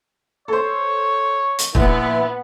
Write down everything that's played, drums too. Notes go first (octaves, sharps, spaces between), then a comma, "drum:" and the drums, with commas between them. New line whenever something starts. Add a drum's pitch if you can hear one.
A4 C5 C#5
drum: hi-hat
A#1 B3 E4 B4, drum: kick